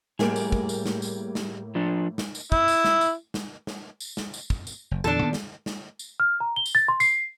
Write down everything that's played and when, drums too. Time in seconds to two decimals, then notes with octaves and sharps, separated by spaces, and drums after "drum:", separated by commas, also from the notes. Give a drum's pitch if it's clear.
0.19 A2 G3 A#3 G#4 D7, drum: snare
0.36 drum: tambourine
0.52 drum: kick
0.69 drum: tambourine
0.86 drum: snare
1.02 drum: tambourine
1.35 drum: snare
1.75 F3 D4
2.18 drum: snare
2.35 drum: tambourine
2.52 E4, drum: kick
2.68 drum: tambourine
2.84 drum: snare
3.01 drum: tambourine
3.34 drum: snare
3.67 drum: snare
4.00 drum: tambourine
4.17 drum: snare
4.34 drum: tambourine
4.50 drum: kick
4.67 drum: tambourine
4.91 F#1
5.04 E2 A#2 D3 D4 A4
5.22 A#2 D#3 B3
5.33 drum: snare
5.66 drum: snare
5.99 drum: tambourine
6.20 F6
6.40 A#5
6.56 G7
6.66 drum: tambourine
6.75 A6
6.88 C6
7.00 C7, drum: tambourine